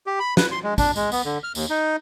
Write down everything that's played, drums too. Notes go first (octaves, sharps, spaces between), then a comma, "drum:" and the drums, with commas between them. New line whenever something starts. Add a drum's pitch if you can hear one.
G4
B5
B4, drum: snare
C6
G#3
D4, drum: kick, tambourine
G#3, drum: tambourine
B3, drum: tambourine
D3
F6
D#2, drum: tambourine
D#4